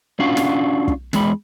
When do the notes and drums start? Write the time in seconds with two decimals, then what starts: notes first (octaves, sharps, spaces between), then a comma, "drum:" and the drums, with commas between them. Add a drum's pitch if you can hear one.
0.20 C#4 D4 F4 F#4 F5 F#5
0.37 drum: snare
0.88 drum: kick
1.13 E2 G#3 B5, drum: snare